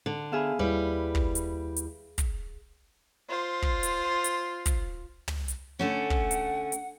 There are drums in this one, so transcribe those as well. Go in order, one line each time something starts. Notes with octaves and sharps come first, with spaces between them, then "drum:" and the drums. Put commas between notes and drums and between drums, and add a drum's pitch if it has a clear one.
D3
B3 G#4 E5 F5 G#5 B5
D#2 G3 E4 B4
drum: kick
drum: hi-hat
drum: hi-hat
drum: kick, hi-hat
F4 C5
drum: kick
drum: hi-hat
drum: hi-hat
drum: kick, hi-hat
drum: tom
drum: hi-hat
D3 A3 C#4 F#5
drum: kick
drum: hi-hat
drum: hi-hat